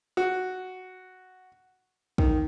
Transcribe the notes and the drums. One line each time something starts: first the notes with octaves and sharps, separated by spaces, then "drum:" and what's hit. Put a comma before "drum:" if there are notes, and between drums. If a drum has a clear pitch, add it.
F#4
D#3, drum: kick